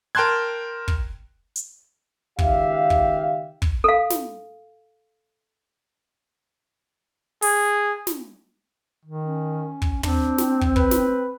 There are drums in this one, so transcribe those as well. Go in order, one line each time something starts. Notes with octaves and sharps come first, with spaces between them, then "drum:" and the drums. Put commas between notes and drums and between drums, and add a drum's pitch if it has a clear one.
A#4 G5 A5 C6 F#6 G#6
drum: kick
drum: hi-hat
C#2 D#3 G4 E5 F5, drum: kick
drum: kick
drum: kick
A4 F5
drum: snare
G#4, drum: open hi-hat
drum: snare
D#3
C#4
drum: kick
C4 D4, drum: tom
drum: snare
drum: kick
B4, drum: kick
drum: snare